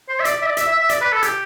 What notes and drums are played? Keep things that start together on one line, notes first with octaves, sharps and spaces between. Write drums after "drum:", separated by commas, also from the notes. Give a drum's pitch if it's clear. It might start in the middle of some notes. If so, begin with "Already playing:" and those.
C5
E5
D5, drum: hi-hat
E5
D5
E5, drum: hi-hat
E5
E5
D5, drum: hi-hat
B4
A4
G4, drum: hi-hat